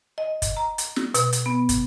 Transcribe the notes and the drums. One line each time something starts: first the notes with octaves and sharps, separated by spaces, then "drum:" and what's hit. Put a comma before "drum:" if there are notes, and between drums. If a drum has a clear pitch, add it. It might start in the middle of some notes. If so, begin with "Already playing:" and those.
D#5
drum: kick, hi-hat
A#5
drum: hi-hat
drum: snare
B2, drum: hi-hat
drum: hi-hat
B3
drum: kick, hi-hat